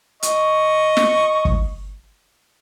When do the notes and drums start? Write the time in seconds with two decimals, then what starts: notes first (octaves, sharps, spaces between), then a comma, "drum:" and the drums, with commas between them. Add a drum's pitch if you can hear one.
0.23 D#5 C#6, drum: hi-hat
0.97 drum: snare
1.45 drum: kick